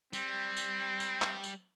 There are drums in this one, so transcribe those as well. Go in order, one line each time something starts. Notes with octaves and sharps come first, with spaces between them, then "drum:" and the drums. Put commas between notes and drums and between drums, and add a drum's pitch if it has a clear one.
G3 C4, drum: tambourine
drum: tambourine
drum: tambourine
drum: clap
drum: tambourine